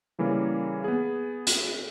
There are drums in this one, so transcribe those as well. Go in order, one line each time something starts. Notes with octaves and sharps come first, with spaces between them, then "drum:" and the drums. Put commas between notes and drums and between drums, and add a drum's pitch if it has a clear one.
C#3 E3 G3 A#3 C#4
B3 G#4
drum: hi-hat